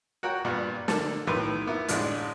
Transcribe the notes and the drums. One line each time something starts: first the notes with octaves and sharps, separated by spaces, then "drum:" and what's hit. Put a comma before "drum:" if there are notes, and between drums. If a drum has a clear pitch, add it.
F#4 A#4 C#5 F#5 G5
G2 A#2 G3 B3
D3 A#3 A4 A5, drum: snare
B1 A2 D#3 B4 C6
A#3 B3 E4
A1 D2 A2 G#3 D4, drum: hi-hat